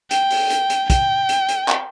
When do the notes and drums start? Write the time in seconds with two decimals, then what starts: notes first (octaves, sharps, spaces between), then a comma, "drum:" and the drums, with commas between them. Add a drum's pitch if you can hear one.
0.11 G5, drum: hi-hat
0.30 drum: open hi-hat
0.50 drum: hi-hat
0.70 drum: hi-hat
0.90 G5, drum: kick, hi-hat
1.29 drum: hi-hat
1.49 drum: hi-hat
1.68 drum: clap